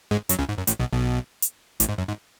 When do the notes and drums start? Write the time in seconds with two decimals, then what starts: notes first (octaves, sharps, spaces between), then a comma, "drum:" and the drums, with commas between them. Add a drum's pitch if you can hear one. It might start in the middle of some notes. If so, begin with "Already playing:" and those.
0.11 G#2 G#3
0.29 F#2 F#3, drum: hi-hat
0.39 C#2 C#3
0.49 G#2
0.58 F#2
0.67 A1 A2, drum: hi-hat
0.79 B1 B2
0.93 B1 B2
1.42 drum: hi-hat
1.80 A1 A2, drum: hi-hat
1.89 G#2
1.98 F#2
2.08 G#2